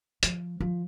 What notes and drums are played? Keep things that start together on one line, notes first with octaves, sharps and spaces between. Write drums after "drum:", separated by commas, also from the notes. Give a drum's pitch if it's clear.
F3, drum: hi-hat
F3